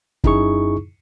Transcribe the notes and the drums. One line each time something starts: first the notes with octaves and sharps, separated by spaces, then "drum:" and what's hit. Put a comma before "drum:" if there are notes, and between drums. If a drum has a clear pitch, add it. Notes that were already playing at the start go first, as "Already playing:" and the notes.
F#2 D#4 E4 G#4 C#6, drum: kick